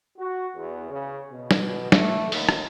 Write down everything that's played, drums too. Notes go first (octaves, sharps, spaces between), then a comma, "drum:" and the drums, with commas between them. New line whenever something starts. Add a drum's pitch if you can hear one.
F#4
E2
C#3
B2
drum: snare
A3, drum: snare
D#2, drum: open hi-hat
drum: rim click